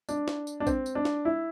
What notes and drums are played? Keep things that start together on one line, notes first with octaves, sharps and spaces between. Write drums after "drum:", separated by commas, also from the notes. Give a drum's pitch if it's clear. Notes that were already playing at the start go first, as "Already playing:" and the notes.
D4, drum: tambourine
drum: snare
drum: tambourine
D4
C4, drum: kick A#1, tambourine
drum: tambourine
D4
drum: snare
E4